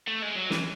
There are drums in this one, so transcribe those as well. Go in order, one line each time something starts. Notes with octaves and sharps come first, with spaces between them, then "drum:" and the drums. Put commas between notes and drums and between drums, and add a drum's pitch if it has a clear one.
A3
G#3
F#3
E3, drum: snare